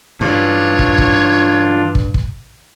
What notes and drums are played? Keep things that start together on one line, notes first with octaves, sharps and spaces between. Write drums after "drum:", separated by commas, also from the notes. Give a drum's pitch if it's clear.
G2 D3 E3 D4 F4 C#5
drum: kick
drum: kick
drum: kick
drum: kick